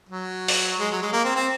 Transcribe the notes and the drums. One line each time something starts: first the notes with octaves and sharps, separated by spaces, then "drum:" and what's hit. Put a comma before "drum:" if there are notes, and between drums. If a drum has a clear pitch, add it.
F#3
drum: open hi-hat
G#3
F#3
G#3
A#3
C4
C4